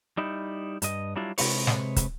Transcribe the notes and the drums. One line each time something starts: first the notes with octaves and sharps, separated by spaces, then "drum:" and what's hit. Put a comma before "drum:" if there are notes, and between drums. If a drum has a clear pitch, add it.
G3 D#4 E4
G2 D#5, drum: hi-hat
F#3 G3 D4 E4 F4
C3 G#3 B4 C#5, drum: open hi-hat
drum: snare
drum: kick, hi-hat